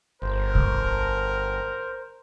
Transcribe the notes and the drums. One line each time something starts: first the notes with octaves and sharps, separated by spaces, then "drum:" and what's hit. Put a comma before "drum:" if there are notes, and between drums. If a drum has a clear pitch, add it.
G1 A#4 C5
drum: kick